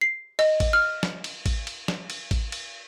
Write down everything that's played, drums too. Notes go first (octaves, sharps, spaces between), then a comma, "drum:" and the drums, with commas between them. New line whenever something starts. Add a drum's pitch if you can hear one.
C7
D#5, drum: cymbal
drum: kick, cymbal
F6
drum: snare
drum: cymbal
drum: kick, cymbal
drum: cymbal
drum: snare
drum: cymbal
drum: kick, cymbal
drum: cymbal